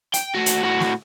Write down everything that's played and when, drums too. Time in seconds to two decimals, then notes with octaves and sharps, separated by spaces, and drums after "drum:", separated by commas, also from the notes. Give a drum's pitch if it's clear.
0.14 G5, drum: hi-hat
0.35 A3 F#4
0.46 drum: hi-hat
0.63 A2 F#4
0.80 drum: snare